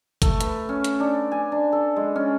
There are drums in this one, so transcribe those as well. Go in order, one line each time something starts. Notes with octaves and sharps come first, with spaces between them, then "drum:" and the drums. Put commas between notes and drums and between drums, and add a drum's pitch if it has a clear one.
A3, drum: kick, hi-hat
B4, drum: hi-hat
C#4
drum: hi-hat
D4
G#5
D4
A4
G#3
C#4